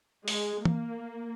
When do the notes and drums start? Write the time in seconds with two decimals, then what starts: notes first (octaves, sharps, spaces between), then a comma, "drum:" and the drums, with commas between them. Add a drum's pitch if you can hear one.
0.28 G#3, drum: open hi-hat
0.65 A#3, drum: tom E3